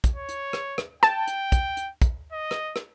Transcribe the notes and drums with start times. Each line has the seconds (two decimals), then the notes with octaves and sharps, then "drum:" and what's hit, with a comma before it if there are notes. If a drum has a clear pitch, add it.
0.04 drum: kick, hi-hat
0.16 C#5
0.29 drum: hi-hat
0.53 drum: rim click
0.78 drum: rim click
1.03 G5 A5, drum: rim click
1.27 drum: hi-hat
1.52 drum: kick, hi-hat
1.77 drum: hi-hat
2.02 drum: kick, hi-hat
2.32 D#5
2.51 drum: rim click
2.76 drum: rim click